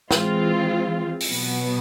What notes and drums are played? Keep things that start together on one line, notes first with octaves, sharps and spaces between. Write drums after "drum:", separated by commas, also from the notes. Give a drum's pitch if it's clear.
E3 G#3 C4 F4, drum: snare
drum: open hi-hat
B2 F#3 B3